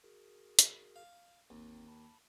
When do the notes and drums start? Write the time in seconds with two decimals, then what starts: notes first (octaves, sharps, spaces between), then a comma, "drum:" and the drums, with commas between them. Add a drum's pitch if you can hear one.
0.04 F#4 G#4 A#4
0.59 drum: hi-hat
0.96 F5
1.50 G1 D#2 C4 D#4
1.88 A5 B5